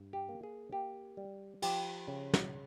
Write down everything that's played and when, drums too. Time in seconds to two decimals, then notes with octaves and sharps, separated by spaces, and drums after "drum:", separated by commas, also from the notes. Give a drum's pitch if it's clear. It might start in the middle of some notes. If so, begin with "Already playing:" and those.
Already playing: G2
0.13 G4
0.29 A#3
0.44 G#4
0.72 A#3 G4
1.17 G3
1.62 F3 G4, drum: cymbal
2.08 C#3
2.34 drum: snare